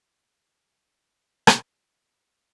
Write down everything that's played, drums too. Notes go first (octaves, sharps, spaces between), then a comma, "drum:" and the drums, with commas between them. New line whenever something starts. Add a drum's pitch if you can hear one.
D#2 D#3 G#3 F4
D#4
drum: rim click
G#4
F#2 D#3 G#3